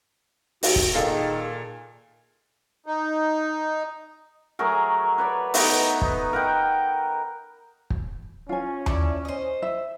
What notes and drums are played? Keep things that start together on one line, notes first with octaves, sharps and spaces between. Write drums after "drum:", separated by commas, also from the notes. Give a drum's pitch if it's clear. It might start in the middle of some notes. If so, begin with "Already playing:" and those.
D#2 F#4, drum: open hi-hat
drum: kick
A#2 D#3 G#4 A4 F5
D#4
F#3 A3 G#4 A#4
B4 C#5 D5
A3 B3 D#4, drum: open hi-hat
D#4, drum: kick
A#4 F#5 G5
drum: kick
C#4 F4 G#5
E4 A4 D5, drum: tom D#2
C5 D#5
E5